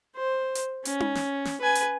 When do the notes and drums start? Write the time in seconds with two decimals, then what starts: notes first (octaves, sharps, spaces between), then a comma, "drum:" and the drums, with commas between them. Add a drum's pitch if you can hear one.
0.16 C5
0.55 drum: hi-hat
0.85 C#4, drum: hi-hat
1.00 drum: tom D#4
1.15 drum: snare
1.45 drum: snare
1.60 B4 G#5
1.75 drum: hi-hat